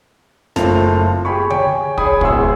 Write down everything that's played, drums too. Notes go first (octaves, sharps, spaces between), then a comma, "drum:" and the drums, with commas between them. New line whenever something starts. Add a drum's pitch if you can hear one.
F#1 A3 C4 F4 A5 F7, drum: snare
G4 G#4 G#5 B5 C#6
C#5 G5 G#5 C#6, drum: tom D3
G#4 C#5 G#5 B5 D#6, drum: kick
D1 C3 G#4 F#5 C6 E6, drum: kick